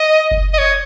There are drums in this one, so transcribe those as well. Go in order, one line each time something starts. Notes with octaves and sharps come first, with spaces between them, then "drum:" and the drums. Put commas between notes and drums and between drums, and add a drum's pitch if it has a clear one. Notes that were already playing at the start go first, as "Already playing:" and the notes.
Already playing: D#5
drum: kick F#1
D#5
C#5